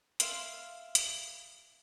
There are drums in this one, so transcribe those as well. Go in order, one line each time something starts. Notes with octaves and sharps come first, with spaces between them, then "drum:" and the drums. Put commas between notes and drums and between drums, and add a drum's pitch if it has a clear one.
E5 F5 C6, drum: hi-hat
drum: hi-hat